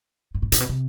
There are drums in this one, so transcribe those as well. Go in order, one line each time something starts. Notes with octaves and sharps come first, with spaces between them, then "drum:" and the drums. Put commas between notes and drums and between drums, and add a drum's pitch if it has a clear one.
G#2
A2
A#2, drum: hi-hat
B2
C3